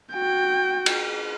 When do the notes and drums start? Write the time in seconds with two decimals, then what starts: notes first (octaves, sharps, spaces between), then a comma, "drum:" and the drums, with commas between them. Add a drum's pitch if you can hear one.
0.14 F#4 G5
0.86 drum: cymbal